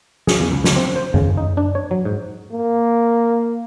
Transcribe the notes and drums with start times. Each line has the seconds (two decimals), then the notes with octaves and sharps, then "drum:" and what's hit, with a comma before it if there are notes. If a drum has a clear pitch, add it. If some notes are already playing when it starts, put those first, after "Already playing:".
0.27 G#4, drum: snare
0.40 E2
0.52 C#2
0.64 D2, drum: snare
0.76 C4
0.96 C5
1.14 C#3, drum: tom F#2
1.37 D#4
1.57 D4
1.75 C#5
1.91 F#3
2.05 G#2
2.52 A#3